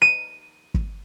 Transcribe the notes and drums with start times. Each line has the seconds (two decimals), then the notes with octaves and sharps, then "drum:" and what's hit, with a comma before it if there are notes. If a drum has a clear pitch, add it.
0.02 D#7
0.74 drum: kick